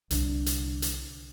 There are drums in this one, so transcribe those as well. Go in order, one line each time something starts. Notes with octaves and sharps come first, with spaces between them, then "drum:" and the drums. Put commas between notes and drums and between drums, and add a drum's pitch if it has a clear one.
C2 D3, drum: hi-hat
drum: hi-hat
drum: hi-hat